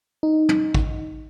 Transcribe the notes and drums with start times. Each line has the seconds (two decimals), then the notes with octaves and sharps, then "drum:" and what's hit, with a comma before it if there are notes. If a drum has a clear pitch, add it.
0.23 D#4
0.49 drum: tom
0.74 drum: kick